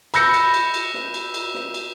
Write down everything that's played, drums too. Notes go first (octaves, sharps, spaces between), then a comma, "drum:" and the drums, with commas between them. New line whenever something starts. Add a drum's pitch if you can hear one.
B5 E6 G6 A#6 C#7, drum: cymbal
drum: cymbal
drum: cymbal
drum: cymbal
drum: snare
drum: cymbal
drum: cymbal
drum: snare
drum: cymbal